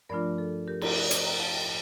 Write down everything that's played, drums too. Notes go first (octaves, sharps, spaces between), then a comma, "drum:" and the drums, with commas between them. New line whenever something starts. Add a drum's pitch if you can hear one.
G2 F3 A3 D4 F4 A#4 D5
A4
G4 A#4
G4 A#4, drum: cymbal
A#4 D5
C5 D#5, drum: hi-hat
G5 A#5
F5 A5
D#5 G5